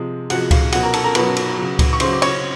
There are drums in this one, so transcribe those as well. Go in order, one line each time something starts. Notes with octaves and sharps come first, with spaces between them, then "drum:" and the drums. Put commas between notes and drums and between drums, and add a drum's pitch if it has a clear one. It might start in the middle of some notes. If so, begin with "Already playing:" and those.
Already playing: C3 F3 G#3
C3 F3 G#3 F#4 F#5, drum: cymbal
F5, drum: kick C#2, cymbal
B2 F#3 F#4 F#5, drum: cymbal
A#4 A#5
A4 A5, drum: cymbal
A#4 A#5
B2 F#3 B4 B5, drum: cymbal
drum: cymbal
C#3 F#3
drum: kick C#2, cymbal
C#6
C#3 F#3 C5 C6, drum: cymbal
D6
C#5 C#6, drum: cymbal